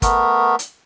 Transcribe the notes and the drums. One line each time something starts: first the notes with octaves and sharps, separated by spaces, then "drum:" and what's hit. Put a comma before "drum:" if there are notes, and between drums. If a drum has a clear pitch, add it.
A3 B3 A#4, drum: kick, hi-hat
drum: hi-hat